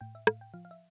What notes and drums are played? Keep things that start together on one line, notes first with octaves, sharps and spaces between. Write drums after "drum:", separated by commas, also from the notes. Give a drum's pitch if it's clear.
A2 G5
E5
A2 F5, drum: rim click
G5
F3 F5
F5
E5